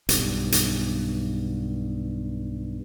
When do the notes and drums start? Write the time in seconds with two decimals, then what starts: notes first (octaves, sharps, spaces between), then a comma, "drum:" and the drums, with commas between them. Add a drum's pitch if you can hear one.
0.09 B1 G2, drum: hi-hat
0.52 drum: hi-hat